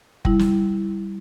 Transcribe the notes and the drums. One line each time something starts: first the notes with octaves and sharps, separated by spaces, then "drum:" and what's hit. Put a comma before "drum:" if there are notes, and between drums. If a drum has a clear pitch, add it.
G3 E4, drum: kick F#1
drum: snare